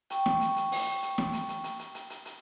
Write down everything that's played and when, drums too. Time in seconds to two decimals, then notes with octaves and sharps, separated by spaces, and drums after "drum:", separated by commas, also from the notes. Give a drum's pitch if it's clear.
0.10 G5 C#6, drum: hi-hat
0.26 drum: snare
0.41 drum: hi-hat
0.56 drum: hi-hat
0.72 drum: open hi-hat
1.03 drum: hi-hat
1.18 drum: snare
1.33 drum: hi-hat
1.49 drum: hi-hat
1.64 drum: hi-hat
1.79 drum: hi-hat
1.95 drum: hi-hat
2.10 drum: hi-hat
2.26 drum: hi-hat